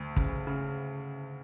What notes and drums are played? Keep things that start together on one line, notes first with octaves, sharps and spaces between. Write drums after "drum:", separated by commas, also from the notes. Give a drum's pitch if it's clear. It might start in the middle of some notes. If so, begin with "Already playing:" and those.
Already playing: D2
C#3, drum: kick
C#3